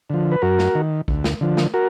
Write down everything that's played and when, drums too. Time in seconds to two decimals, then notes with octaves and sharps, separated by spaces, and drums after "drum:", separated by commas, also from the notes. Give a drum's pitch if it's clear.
0.10 D3 F3
0.31 B4
0.42 F#2 F#4 A#4
0.59 drum: snare
0.75 D#3
1.08 D2, drum: kick A#1
1.24 drum: snare
1.41 D3 F3
1.57 drum: snare
1.74 F#4 A#4